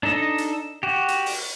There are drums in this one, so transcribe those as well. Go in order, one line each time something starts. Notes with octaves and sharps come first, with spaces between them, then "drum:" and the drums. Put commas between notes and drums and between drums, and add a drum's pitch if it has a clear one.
D4 D#4 A4 D#5
drum: hi-hat
F#4 G4
drum: hi-hat
drum: open hi-hat